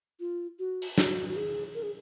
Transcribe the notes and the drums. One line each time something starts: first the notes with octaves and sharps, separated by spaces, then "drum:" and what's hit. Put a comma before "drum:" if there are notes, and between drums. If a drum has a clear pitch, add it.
F4
F#4
drum: open hi-hat
F#4, drum: snare
F#4
G#4
A#4
G#4